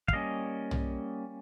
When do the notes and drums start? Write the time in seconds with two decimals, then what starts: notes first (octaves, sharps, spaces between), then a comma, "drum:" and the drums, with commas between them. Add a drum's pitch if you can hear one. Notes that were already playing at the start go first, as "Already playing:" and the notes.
0.08 F5, drum: kick
0.13 G3 A#3 C#4 D#5
0.71 drum: tom